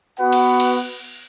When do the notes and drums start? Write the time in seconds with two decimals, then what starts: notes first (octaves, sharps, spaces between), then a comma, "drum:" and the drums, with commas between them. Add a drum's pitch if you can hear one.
0.20 B3 F#4 B4 F#5
0.33 drum: cymbal
0.60 drum: cymbal